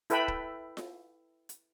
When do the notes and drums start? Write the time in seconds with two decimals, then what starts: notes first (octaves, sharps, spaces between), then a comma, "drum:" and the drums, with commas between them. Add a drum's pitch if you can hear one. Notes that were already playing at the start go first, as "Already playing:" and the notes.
0.10 E4 A4 B4 E5 G5 B5, drum: hi-hat
0.28 drum: kick
0.77 drum: snare F4
1.49 drum: hi-hat